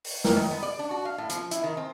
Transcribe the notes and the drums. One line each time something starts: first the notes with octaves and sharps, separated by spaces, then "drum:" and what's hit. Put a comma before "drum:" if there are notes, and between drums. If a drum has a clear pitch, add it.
drum: open hi-hat
A#4, drum: snare
D#3
B3
D5
D4
F#4
F5
A2
F3, drum: hi-hat
E4, drum: hi-hat
D#3
C4